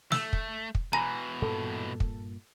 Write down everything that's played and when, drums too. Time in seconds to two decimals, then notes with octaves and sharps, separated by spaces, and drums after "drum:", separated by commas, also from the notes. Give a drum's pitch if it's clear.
0.12 A3 E6, drum: snare
0.33 drum: kick
0.75 drum: kick
0.93 B2 E3 G#5 A#5 B5 A#6
1.42 G2 A#2 A#3 A4
2.00 drum: kick